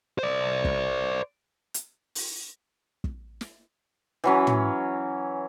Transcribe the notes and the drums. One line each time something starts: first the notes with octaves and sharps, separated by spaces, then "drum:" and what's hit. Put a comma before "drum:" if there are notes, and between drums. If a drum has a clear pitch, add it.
C5 D5
drum: kick
drum: hi-hat
drum: open hi-hat
drum: kick
drum: snare
E3 F#3 C#4
drum: tom